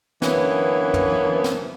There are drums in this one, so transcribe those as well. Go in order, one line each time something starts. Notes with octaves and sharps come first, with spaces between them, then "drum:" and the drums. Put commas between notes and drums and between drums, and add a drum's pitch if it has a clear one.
F#2 D3 E3 A#3 B3 C#4, drum: snare
drum: tom
drum: snare